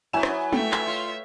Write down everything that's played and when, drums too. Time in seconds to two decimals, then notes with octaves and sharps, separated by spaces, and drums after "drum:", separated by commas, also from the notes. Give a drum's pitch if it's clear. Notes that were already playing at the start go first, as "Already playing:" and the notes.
0.13 F#3 B3 E4 G#5 E7
0.23 drum: rim click
0.53 A3 C#5 E5 G5, drum: tom
0.72 drum: clap
0.87 F4